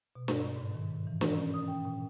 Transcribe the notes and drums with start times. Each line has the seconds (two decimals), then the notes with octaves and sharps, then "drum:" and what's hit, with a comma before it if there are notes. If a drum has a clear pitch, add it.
0.15 B2
0.28 G2, drum: snare D4
0.56 G#2
0.74 D#3
1.07 E3
1.21 A#4, drum: snare D4
1.35 C#4
1.54 D#6
1.68 G5
1.85 A#2